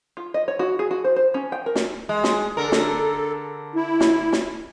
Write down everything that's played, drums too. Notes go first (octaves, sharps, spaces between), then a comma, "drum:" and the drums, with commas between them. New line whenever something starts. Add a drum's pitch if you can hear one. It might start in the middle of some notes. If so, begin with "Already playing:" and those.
F4
D#5
C#5
F#4
G#4
F#4
C5
C5
C#4
G5
A#4
drum: snare
G#3
drum: snare
D3 A4 A#4
drum: snare
E4
drum: snare
drum: snare